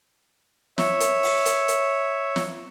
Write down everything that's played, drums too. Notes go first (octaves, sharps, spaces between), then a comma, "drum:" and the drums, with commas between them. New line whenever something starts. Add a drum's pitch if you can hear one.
C#5 E5, drum: snare
drum: hi-hat
drum: open hi-hat
drum: hi-hat
drum: hi-hat
drum: snare